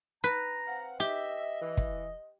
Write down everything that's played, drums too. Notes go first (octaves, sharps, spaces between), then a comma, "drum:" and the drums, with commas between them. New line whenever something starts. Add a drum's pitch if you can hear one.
B4 A#5
C4 F5 F#5
G4 D#5 E5
E3
drum: kick